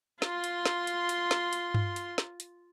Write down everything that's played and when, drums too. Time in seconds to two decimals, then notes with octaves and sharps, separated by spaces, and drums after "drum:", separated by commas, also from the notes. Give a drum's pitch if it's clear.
0.22 F4 C6, drum: snare
0.44 drum: hi-hat
0.66 drum: snare
0.87 drum: hi-hat
1.09 drum: hi-hat
1.31 drum: snare
1.53 drum: hi-hat
1.74 drum: tom G2
1.96 drum: hi-hat
2.18 drum: snare
2.40 drum: hi-hat